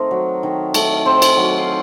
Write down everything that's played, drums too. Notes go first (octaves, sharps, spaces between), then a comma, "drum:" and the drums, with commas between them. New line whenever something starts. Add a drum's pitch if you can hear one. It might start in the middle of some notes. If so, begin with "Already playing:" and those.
Already playing: D#3 A3 C4 D#4 A#4
F#3
D#3
A3, drum: cymbal
C4
drum: cymbal
F#3
F5